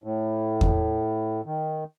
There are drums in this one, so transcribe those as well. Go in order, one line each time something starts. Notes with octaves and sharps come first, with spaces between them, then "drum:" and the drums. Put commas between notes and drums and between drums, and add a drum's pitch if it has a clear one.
A2
drum: kick E2
D#3